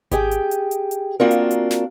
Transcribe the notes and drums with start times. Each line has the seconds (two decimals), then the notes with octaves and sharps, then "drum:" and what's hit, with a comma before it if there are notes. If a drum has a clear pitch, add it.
0.11 G4 G#4 G5, drum: kick G#1, hi-hat
0.31 drum: hi-hat
0.51 drum: hi-hat
0.71 drum: hi-hat
0.91 drum: hi-hat
1.20 A#3 C4 D4 F4 F#4 A#4
1.31 drum: hi-hat
1.51 drum: hi-hat
1.71 drum: snare